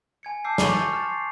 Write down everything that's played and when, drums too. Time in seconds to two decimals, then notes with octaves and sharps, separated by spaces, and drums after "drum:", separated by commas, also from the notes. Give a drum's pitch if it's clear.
0.23 G#5 G#6 C#7
0.44 A5 D6 E6 F6 G6 C7
0.58 G#5 C#6 D6 A6 F7, drum: snare
0.74 C#6 E6 G6 A6 C#7
0.93 C6 F6 A6 E7
1.09 C7